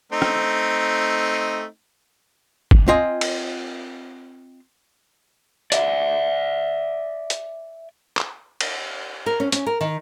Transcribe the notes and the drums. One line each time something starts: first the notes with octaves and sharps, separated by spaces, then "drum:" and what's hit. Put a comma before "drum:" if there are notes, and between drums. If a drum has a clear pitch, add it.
A3 C4 D#4
drum: rim click
drum: kick
C4 F4 D#5 G#5
drum: cymbal
D5 E5, drum: hi-hat
drum: hi-hat
drum: clap
drum: cymbal
A#4
C#4
C#4, drum: hi-hat
A#4
D#3